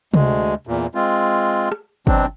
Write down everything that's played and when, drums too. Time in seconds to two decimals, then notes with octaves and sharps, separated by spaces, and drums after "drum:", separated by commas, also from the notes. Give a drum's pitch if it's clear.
0.14 D2 G#3, drum: tom C3
0.67 E2 A#2
0.95 G#3 C4 F4
1.72 drum: rim click
2.07 B2 F#3 C4 D4, drum: kick G1